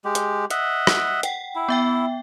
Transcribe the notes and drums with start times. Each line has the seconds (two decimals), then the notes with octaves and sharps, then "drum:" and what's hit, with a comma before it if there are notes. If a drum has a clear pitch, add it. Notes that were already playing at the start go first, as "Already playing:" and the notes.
0.05 G#3 G4
0.15 drum: hi-hat
0.50 D#5 E5 F#5, drum: hi-hat
0.87 drum: rim click
1.23 F#5 G5, drum: hi-hat
1.56 E4
1.68 B3 E5 G5